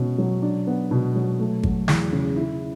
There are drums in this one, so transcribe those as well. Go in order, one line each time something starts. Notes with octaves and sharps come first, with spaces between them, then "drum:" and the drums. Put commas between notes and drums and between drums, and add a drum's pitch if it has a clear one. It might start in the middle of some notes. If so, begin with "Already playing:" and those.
Already playing: B2 C#4
F#3
D4
B3
B2
F#3
A3
F#3, drum: kick G#1
E2, drum: snare
C#3
E4